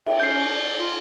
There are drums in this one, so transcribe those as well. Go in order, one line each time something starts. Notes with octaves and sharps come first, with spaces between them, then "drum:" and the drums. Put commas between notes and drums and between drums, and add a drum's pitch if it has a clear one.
E5 G5, drum: cymbal
C#4 G6 C7
D5
F4